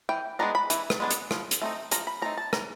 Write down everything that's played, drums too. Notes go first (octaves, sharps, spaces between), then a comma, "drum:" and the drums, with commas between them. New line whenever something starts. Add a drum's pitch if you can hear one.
E3 G5
G#3 B3 D4 A#5
B5
E3, drum: hi-hat
drum: rim click
G#3 B3 D4
drum: hi-hat
F3, drum: rim click
drum: hi-hat
A3 C4 D#4
F3 A#5, drum: hi-hat
B5
A3 C4 D#4 A#5
A5
E3 A#5, drum: rim click